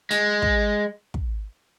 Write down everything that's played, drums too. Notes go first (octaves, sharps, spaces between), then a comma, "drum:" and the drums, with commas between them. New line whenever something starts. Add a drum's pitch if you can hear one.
G#3, drum: hi-hat
drum: kick
drum: kick